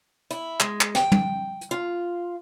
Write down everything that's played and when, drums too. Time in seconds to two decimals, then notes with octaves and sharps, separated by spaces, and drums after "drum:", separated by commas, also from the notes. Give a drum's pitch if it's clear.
0.31 E4, drum: hi-hat
0.60 G#3, drum: clap
0.81 drum: clap
0.95 G5, drum: snare
1.12 drum: tom
1.61 drum: hi-hat
1.71 F4